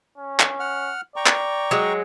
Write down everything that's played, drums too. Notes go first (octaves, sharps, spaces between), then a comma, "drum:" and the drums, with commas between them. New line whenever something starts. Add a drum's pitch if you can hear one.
C#4
drum: clap
F#5 F6
D5 G5 A#5 C#6
drum: clap
F#3 G#3